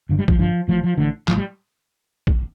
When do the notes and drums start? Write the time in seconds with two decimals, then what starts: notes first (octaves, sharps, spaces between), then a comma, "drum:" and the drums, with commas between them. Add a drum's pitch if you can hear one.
0.09 G1 G2 D3
0.19 G3
0.28 F3, drum: kick
0.39 G1 G2 D3 F3
0.68 A1 A2 F3
0.84 F3
0.98 A1 A2 D3
1.28 A1 A2 F3, drum: clap
1.38 G3
2.27 drum: kick